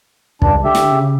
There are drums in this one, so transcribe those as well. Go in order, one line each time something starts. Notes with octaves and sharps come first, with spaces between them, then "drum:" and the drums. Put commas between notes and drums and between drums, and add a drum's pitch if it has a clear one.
C#2 G2 D4, drum: kick
D3 G4 E5
drum: snare
C#3